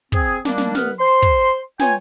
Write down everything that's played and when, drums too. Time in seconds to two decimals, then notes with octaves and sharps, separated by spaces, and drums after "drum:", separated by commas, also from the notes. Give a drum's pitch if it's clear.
0.12 C4 G#4, drum: kick
0.45 D#3 G3 A#3 D4, drum: snare
0.58 drum: snare
0.75 C2 B3 B4 F#5 F6, drum: snare
0.99 C5 C6
1.22 drum: kick
1.79 B3 F4 C#5 G5 G#5, drum: snare